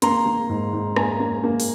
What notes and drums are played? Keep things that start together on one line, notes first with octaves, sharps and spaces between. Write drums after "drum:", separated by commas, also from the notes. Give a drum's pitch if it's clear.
A#3 A#5 C6, drum: hi-hat
A#3
G#2
G#2
A#3 G#5 A#5, drum: rim click
A#3
A#3
drum: open hi-hat